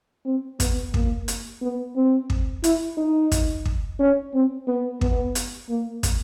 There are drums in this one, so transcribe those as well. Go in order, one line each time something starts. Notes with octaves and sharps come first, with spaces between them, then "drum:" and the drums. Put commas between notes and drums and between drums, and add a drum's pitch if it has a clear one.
C4
B3, drum: kick, hi-hat
A#3, drum: kick
drum: hi-hat
B3
C4
drum: kick
E4, drum: hi-hat
D#4
drum: kick, hi-hat
drum: kick
C#4
C4
B3
B3, drum: kick
drum: hi-hat
A#3
drum: kick, hi-hat